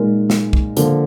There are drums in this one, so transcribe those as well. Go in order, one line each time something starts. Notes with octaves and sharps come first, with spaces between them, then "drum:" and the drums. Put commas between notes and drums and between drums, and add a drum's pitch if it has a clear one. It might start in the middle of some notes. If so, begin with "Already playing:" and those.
Already playing: A#2 G#3 D#4 A#4
drum: snare
drum: kick
D3 F3 A#3, drum: hi-hat